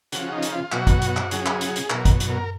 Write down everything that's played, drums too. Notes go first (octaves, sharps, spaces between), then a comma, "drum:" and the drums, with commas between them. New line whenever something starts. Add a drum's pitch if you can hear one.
C#3 F3 F#4, drum: hi-hat
D#4
drum: hi-hat
F4
B2 F#3 F#4, drum: clap
drum: kick, hi-hat
drum: hi-hat
drum: clap
C#3 F#3 G#4, drum: hi-hat
drum: clap
drum: hi-hat
drum: hi-hat
B2 F#3 A#4, drum: clap
drum: kick, hi-hat
drum: hi-hat
A#4